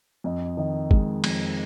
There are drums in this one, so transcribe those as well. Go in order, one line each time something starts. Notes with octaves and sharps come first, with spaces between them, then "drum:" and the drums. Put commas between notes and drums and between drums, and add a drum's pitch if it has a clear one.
F2 D#5
D#3 D#5
G#3, drum: kick
F2, drum: cymbal